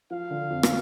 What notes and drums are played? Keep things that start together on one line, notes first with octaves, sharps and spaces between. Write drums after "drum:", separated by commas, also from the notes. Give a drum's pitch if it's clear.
F3 F5
D3
F2
drum: rim click